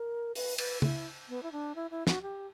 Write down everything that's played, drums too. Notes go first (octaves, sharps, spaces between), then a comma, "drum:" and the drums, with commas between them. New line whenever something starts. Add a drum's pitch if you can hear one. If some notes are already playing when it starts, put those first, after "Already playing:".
Already playing: A#4
B4, drum: open hi-hat
B4, drum: cymbal
E4, drum: tom C#3
B3
E4
D4
E4
E4
F#4, drum: snare
G4